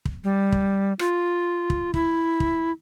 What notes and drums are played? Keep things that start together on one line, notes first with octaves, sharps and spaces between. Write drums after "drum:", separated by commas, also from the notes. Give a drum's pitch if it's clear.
drum: kick
G3
drum: kick
F4, drum: rim click
drum: kick
E4, drum: kick
drum: kick